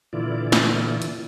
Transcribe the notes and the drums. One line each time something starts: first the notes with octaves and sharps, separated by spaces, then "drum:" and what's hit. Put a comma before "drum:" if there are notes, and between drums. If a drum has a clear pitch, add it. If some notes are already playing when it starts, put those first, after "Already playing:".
A#2 D3 E3 E4 F4 D5
drum: snare
drum: hi-hat